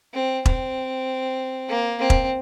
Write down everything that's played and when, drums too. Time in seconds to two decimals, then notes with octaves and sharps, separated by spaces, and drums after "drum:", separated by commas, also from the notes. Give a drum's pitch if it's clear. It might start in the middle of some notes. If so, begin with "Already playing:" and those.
0.14 C4
0.46 C4, drum: kick E1
1.69 A#3
1.99 C4
2.10 drum: kick E1